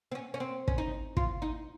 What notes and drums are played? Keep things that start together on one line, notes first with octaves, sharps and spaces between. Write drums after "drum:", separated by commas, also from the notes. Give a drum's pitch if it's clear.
C4
C#4
C#4
C4
C#4, drum: kick
D#4
F4, drum: kick
D#4